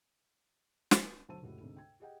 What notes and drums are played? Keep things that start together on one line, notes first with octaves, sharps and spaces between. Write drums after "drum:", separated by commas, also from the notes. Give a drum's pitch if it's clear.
drum: snare
D2 F#3 C5 A5 E6 D#7
F1 C#2 A2 F#4 G4
D2 G#2 C3
G5 G#6
G4 G#4 D#5 F#5 G5